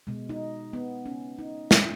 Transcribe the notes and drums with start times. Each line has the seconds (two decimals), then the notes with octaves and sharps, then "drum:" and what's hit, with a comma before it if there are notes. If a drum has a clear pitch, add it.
0.07 B2 G#3
0.29 D#4
0.73 B3
1.06 C#4
1.39 D#4
1.71 C#4, drum: snare